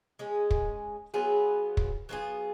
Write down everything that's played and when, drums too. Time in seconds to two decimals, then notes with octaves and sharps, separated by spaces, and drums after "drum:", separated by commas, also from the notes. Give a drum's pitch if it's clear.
0.19 G#3 C#4 G#4
0.51 drum: kick
1.14 F#3 B3 F4 G#4
1.77 drum: kick
2.09 F#3 B3 F4 G#4